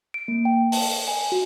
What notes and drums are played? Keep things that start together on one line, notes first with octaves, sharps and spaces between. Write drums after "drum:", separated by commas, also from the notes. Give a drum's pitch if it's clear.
D7
A#3
G5
A5, drum: open hi-hat
G#5
F#4